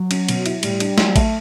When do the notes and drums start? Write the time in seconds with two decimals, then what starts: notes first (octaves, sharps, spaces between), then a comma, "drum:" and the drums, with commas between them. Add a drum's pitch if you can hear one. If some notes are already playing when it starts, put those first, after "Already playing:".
Already playing: F#3
0.11 C#4, drum: cymbal
0.29 B2, drum: cymbal
0.46 E4, drum: cymbal
0.63 A2 G3, drum: cymbal
0.80 D4, drum: cymbal
0.98 F#3, drum: snare
1.16 A3, drum: kick A1, cymbal